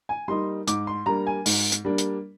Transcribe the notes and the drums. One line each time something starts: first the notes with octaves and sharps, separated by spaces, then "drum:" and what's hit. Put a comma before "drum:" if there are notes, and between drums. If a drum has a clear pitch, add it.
G#5
G3 A#3 D#4 C6
G#2 D6, drum: hi-hat
C6
G3 A#3 D4 A#5
G#5
G#2, drum: open hi-hat
drum: hi-hat
G3 A#3 D4
drum: hi-hat